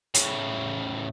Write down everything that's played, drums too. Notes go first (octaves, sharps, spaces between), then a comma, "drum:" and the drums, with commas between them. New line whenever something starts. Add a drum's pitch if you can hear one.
A2 C#3, drum: hi-hat